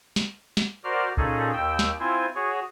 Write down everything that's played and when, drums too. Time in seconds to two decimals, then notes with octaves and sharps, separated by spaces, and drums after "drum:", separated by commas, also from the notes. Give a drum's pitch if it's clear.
0.16 drum: snare
0.57 drum: snare
0.84 F#4 A#4 C5 D5 F6
1.17 A#2 C#4 D#4 G#4 A4, drum: kick C2
1.53 D#2 G5 E6
1.79 drum: snare
1.99 C4 E4 F4 C5 G#5
2.35 F#4 G#4 C#5